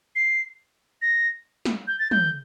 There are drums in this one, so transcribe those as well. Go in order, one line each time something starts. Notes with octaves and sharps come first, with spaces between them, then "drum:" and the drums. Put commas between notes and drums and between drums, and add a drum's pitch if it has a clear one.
C7
A#6
drum: snare
G6
A6
G6, drum: tom